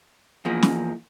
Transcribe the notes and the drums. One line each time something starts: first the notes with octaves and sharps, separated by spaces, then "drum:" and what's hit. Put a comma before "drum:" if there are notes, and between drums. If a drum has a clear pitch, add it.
E2 F3 A#3
drum: snare